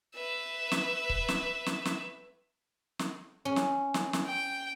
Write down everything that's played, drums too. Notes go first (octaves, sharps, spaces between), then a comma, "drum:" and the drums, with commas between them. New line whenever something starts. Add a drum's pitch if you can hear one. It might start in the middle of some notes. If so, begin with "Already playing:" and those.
B4 E5
drum: snare
drum: kick C#1
drum: snare
drum: snare
drum: snare
drum: snare
C#4
drum: snare
drum: snare
drum: snare
G5